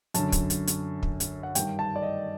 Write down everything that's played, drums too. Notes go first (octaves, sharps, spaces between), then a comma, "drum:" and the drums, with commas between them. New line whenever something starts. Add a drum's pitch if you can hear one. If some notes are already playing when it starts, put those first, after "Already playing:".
F#2 D3 A5, drum: hi-hat
drum: kick, hi-hat
drum: hi-hat
drum: hi-hat
drum: kick
drum: hi-hat
F#5
G2 D#3 G5, drum: hi-hat
A5
D5
D#5